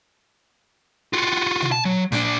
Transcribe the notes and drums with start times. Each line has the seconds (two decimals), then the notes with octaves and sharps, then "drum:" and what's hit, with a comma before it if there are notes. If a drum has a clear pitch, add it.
1.13 F4 F#4
1.62 drum: tom B2
1.72 A5
1.85 F#3
2.12 A#2 D4, drum: snare